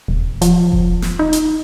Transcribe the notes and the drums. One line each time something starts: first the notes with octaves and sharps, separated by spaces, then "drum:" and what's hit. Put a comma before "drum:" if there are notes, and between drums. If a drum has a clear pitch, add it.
D#1
F3, drum: hi-hat
drum: kick E1
drum: snare
D#4
drum: hi-hat